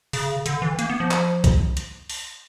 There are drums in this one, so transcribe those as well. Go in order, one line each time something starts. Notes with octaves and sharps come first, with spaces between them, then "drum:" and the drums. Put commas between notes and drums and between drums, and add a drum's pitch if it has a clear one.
C#3, drum: open hi-hat
D3, drum: hi-hat
E3
A#3, drum: hi-hat
B3
F3
drum: clap
drum: kick C2, hi-hat
drum: hi-hat
drum: open hi-hat